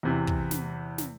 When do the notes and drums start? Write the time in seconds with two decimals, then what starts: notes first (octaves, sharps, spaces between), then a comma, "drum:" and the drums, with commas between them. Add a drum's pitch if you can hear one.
0.03 E2 C3 E3
0.27 drum: kick
0.51 drum: snare
0.98 drum: snare